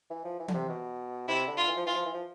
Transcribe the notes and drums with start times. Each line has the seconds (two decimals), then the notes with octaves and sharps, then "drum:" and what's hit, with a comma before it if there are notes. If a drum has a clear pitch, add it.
0.10 E3
0.24 F3
0.39 E3
0.48 D3, drum: tom E3
0.54 C3
0.69 B2
1.28 C3 E4
1.47 D3
1.57 F4
1.68 E3
1.77 F3
1.86 E3 F4
1.95 F3
2.05 E3
2.14 F3